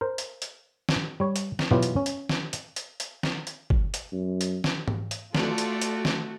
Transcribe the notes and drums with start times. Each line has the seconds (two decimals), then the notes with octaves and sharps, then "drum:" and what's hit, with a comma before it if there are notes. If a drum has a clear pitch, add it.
0.01 A#4 C5
0.18 drum: hi-hat
0.42 drum: hi-hat
0.89 drum: snare
1.20 G3 C#5
1.36 drum: hi-hat
1.59 drum: snare
1.71 B2 E3 F#3 B3 F4 G4
1.83 drum: hi-hat
1.96 C#4
2.06 drum: hi-hat
2.29 drum: snare
2.53 drum: hi-hat
2.76 drum: hi-hat
3.00 drum: hi-hat
3.23 drum: snare
3.47 drum: hi-hat
3.70 drum: kick G1
3.94 drum: hi-hat
4.12 F#2
4.41 drum: hi-hat
4.64 drum: snare
4.88 drum: tom G#2
5.11 drum: hi-hat
5.35 A3 F4 F#4 A4 D5, drum: snare
5.58 drum: hi-hat
5.81 drum: hi-hat
6.05 drum: snare